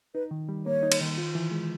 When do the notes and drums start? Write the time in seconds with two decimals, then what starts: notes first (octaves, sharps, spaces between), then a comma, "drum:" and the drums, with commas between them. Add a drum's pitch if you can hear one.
0.15 D#4 B4
0.31 D#3
0.49 G3
0.66 A#3 C#5
0.83 D#4
0.92 drum: cymbal
1.01 D#3
1.18 F4
1.35 E3
1.51 G#3